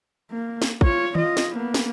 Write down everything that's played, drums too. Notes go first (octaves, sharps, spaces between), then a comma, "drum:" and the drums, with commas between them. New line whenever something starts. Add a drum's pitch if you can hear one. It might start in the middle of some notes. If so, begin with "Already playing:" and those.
A#3
drum: snare
F4 C#5, drum: kick
F4 D#5, drum: tom D#3
drum: snare
A#3 B3
drum: snare